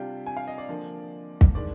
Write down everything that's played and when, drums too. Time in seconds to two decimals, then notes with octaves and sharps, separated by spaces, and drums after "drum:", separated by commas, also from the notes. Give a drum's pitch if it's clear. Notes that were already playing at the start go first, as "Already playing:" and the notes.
Already playing: C3 G3 D4 F4 G5
0.26 G#5
0.37 F5
0.48 D#5
0.58 D5
0.69 D3 F3 A#3
1.41 drum: kick
1.55 D#3 G#3 D4 D5